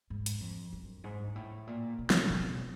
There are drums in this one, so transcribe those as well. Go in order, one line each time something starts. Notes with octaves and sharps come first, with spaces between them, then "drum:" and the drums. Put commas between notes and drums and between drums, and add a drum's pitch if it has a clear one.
G#2
drum: hi-hat
F2
F#2
G#2
G#2
A2
A#2
B2
drum: snare
B2